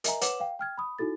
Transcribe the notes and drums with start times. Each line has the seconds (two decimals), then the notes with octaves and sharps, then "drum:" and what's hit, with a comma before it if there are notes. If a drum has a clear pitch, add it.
0.04 A#4 D#5 E5 G#5 A#5, drum: hi-hat
0.21 B4 C#5 F#5 D6 E7 F#7, drum: hi-hat
0.40 F5 G5
0.59 G5 F6 G#6
0.78 B5 D#6
0.99 D#4 E4 F#4 A4 A6